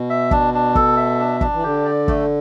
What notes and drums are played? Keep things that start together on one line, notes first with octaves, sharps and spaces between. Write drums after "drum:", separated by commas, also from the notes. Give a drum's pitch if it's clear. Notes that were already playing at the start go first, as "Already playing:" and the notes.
Already playing: B2
E5
D4, drum: kick
D4
A4, drum: kick
E5
D4
D4, drum: kick
E3
D3 G4
D5
A3, drum: kick